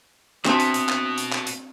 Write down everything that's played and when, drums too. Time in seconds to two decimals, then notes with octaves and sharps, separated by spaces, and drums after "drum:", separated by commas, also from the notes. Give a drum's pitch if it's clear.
0.45 B2 B3 C4 D4 F#4 E5 A5, drum: clap
0.60 drum: hi-hat
0.74 drum: hi-hat
0.89 drum: clap
1.18 drum: hi-hat
1.32 drum: clap
1.47 drum: hi-hat